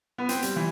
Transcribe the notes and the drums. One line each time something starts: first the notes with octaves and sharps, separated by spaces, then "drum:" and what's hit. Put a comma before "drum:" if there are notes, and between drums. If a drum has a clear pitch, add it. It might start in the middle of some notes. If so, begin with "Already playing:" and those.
B3
C4, drum: hi-hat
G3, drum: hi-hat
E3